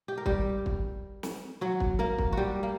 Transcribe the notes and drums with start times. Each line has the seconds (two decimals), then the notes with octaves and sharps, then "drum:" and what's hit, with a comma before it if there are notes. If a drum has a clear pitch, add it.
0.08 G4
0.18 A#4
0.26 G3 G4, drum: kick
0.66 drum: kick
1.23 drum: snare
1.61 F#3 F#4
1.80 drum: kick
1.99 A#3 A#4
2.18 drum: kick
2.33 G3 F#4 G4
2.63 A#3